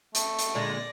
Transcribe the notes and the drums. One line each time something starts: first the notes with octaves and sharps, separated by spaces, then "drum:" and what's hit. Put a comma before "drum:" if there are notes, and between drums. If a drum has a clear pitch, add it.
A3, drum: hi-hat
drum: hi-hat
A#2 D3 G#3 D5 A#6